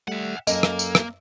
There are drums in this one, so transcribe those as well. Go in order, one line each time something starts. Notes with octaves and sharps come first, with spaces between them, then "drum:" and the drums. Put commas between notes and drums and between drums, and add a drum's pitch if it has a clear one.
G3 A3 E5 F#5
F#2 A#3 A4 A#4 D#5, drum: tambourine
drum: rim click
drum: tambourine
drum: rim click